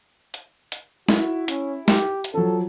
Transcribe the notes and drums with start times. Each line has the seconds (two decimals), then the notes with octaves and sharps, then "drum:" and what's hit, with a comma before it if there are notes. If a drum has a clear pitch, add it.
0.34 drum: hi-hat
0.72 drum: hi-hat
1.08 E4 F#4, drum: snare
1.48 C#4, drum: hi-hat
1.88 G4, drum: snare
2.24 drum: hi-hat
2.34 F3 F#3 A4